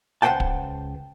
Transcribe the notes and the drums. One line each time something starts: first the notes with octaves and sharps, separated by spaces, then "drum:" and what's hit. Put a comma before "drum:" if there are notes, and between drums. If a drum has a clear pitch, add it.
C#2 B4 C5 F#5 G5 A5
drum: kick